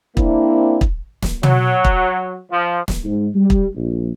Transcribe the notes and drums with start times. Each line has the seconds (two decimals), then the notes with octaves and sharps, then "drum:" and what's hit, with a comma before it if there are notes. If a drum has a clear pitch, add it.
0.17 A#3 C4 D4 E4, drum: kick
0.81 drum: kick
1.22 drum: snare
1.43 F#3, drum: tom
1.85 drum: kick
2.52 F3
2.88 drum: snare
3.04 G#2
3.34 G3
3.50 drum: kick
3.75 A#1